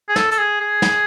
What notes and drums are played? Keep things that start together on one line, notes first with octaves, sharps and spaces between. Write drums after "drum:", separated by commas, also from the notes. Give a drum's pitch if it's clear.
G#4
A4, drum: snare
A4, drum: hi-hat
G#4
G#4
drum: snare